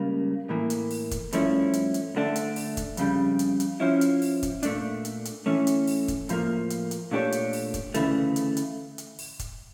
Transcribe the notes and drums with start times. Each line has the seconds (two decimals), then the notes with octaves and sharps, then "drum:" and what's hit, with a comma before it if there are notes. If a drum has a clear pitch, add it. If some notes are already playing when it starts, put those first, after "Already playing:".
Already playing: C#2 C#3 G3 A#3
0.49 A2 E3 A#3
0.70 drum: hi-hat
0.91 drum: open hi-hat
1.11 drum: kick, hi-hat
1.32 G2 F3 A3 C#4 E4, drum: hi-hat
1.73 drum: hi-hat
1.94 drum: hi-hat
2.15 D2 D3 A3 D4
2.36 drum: hi-hat
2.56 drum: open hi-hat
2.77 drum: kick, hi-hat
2.97 F2 C#3 G3, drum: hi-hat
3.39 drum: hi-hat
3.60 drum: hi-hat
3.80 F3 C#4 E4
4.01 drum: hi-hat
4.22 drum: open hi-hat
4.43 drum: kick, hi-hat
4.63 A#2 A3 D4, drum: hi-hat
5.05 drum: hi-hat
5.25 drum: hi-hat
5.46 E3 A3 C#4
5.67 drum: hi-hat
5.88 drum: open hi-hat
6.08 drum: kick, hi-hat
6.29 A2 F3 A#3, drum: hi-hat
6.70 drum: hi-hat
6.91 drum: hi-hat
7.11 A#2 A3 D4 G4 C#5
7.32 drum: hi-hat
7.53 drum: open hi-hat
7.74 drum: kick, hi-hat
7.94 D2 C#3 E3 A3, drum: hi-hat
8.36 drum: hi-hat
8.57 drum: hi-hat
8.98 drum: hi-hat
9.19 drum: open hi-hat
9.39 drum: kick, hi-hat